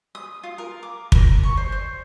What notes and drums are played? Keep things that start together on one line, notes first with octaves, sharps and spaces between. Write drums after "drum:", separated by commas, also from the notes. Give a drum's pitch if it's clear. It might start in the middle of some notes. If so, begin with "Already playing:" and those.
D#6
F4
A#4
D6
A#4, drum: kick
C#6
C5
C5